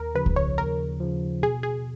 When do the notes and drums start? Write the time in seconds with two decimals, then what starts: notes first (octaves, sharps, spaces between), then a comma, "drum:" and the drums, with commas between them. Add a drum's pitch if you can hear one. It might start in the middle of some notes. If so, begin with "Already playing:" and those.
Already playing: D#2 A#4
0.15 C#3 F3 B4
0.26 drum: kick C2
0.36 C#5
0.57 D#2 A#4
1.00 C#3 F3
1.42 B2 G#4
1.63 G#4